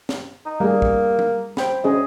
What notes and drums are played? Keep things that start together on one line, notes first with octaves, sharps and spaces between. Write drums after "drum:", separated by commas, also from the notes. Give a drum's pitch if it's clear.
drum: snare
D#4
G3 A3 A#3 G#4
drum: kick
drum: tom F#3
C5 G5 B5, drum: snare
D2 C#4 G#4 D#5